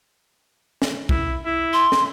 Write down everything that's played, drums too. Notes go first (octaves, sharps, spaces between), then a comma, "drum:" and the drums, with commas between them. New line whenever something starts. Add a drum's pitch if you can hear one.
drum: snare
E4, drum: kick
E4
C6
drum: snare